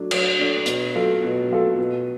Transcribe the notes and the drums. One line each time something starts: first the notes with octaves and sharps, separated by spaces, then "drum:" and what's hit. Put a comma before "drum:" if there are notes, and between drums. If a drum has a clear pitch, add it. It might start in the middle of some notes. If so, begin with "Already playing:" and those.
Already playing: F#3 A3 D4
F#3, drum: cymbal
A3 D4
B2, drum: hi-hat
F#3 A3 F4 A4
B2
F#3 A3 F4 A4
B2